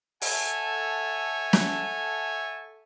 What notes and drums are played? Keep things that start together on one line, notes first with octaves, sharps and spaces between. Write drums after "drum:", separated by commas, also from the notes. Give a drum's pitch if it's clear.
A4 C#5 E5 F#5 G#5 A5, drum: open hi-hat
drum: snare